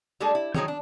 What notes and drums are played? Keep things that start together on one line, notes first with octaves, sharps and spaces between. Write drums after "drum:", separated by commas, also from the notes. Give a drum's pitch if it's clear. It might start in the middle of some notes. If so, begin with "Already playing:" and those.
G3 G#3 A#3 D4 G#4 A4
E4
F3 F#3 D#4 G#4 C#5 G5, drum: tom
D4